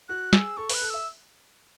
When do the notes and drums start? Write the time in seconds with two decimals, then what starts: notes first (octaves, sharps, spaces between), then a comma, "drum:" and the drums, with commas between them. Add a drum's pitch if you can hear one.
0.09 F#4 F#6
0.33 G#4 E6, drum: snare
0.57 A4 C#6
0.70 B4 F#6, drum: open hi-hat
0.81 A4
0.90 E5 E6